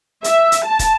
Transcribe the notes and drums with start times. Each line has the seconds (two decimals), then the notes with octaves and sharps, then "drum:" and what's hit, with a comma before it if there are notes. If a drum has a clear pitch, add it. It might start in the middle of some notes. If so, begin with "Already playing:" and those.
0.24 E5, drum: hi-hat
0.52 drum: hi-hat
0.65 A5
0.79 drum: kick, hi-hat